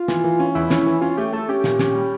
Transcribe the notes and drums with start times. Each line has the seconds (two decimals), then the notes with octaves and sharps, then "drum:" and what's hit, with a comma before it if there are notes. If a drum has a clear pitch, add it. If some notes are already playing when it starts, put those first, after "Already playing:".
Already playing: F4
0.08 E3, drum: snare
0.24 E3
0.39 C#4
0.55 E2 E4
0.70 C#4, drum: snare
0.86 E3
1.01 C#4 F4
1.17 A3 G4
1.33 A3 A4
1.48 C#4 G4
1.64 A#2, drum: snare
1.79 C#4, drum: snare
1.95 G3